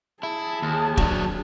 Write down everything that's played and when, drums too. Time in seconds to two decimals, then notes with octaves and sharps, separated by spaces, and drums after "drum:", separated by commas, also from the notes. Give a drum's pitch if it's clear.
0.23 E4 G#4 A5
0.62 D#2
0.97 F#3 D4, drum: kick